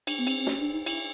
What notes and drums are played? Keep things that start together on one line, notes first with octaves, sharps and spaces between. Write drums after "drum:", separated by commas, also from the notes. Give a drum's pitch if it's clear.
D4, drum: cymbal
B3
C4, drum: cymbal
C4
C#4, drum: snare
D4
D#4
E4, drum: cymbal